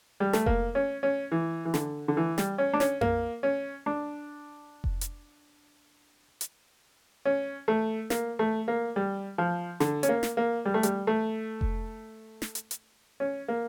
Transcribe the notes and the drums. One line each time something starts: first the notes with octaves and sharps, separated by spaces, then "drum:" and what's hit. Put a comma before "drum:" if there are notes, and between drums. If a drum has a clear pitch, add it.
G3
A3, drum: snare
A#3, drum: kick F1
C#4
C#4
E3
E3
D3, drum: snare
D3
E3
G3, drum: snare
C#4
D4
C#4, drum: snare
A#3, drum: tom F2
C#4
D4
drum: kick F1
drum: hi-hat
drum: hi-hat
C#4
A3
A#3, drum: snare
A3
A#3
G3
F3
D3, drum: snare
C#4, drum: hi-hat
A#3
drum: snare
A#3
G3
A3
G3, drum: hi-hat
A3
drum: kick F1
drum: snare
drum: hi-hat
drum: hi-hat
C#4
A#3